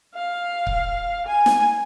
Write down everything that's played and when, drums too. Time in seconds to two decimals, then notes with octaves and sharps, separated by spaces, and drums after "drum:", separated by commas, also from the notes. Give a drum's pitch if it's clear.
0.15 F5
0.67 drum: kick C#1
1.26 G#5
1.46 drum: snare